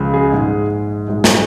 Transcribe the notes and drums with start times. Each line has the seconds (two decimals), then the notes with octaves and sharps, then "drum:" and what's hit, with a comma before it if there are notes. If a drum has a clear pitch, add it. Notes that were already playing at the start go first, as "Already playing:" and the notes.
Already playing: C#2 C#3 F3 G#3
0.14 G#4
0.31 A#1 G#2 G#3
1.07 A#1 G#2 G#3
1.24 drum: snare